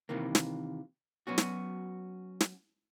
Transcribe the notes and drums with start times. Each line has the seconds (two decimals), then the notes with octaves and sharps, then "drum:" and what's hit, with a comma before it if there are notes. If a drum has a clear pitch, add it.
0.09 C3 D#3 E3 A#3
0.35 drum: snare
1.27 F#3 B3 C#4 F#4
1.38 drum: snare
2.41 drum: snare